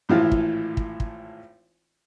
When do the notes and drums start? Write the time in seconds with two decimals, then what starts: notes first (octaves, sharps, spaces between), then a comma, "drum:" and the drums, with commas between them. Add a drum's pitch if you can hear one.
0.09 G#1 A2 E3 E4 F4 F5
0.32 drum: kick
0.77 drum: kick
1.00 drum: kick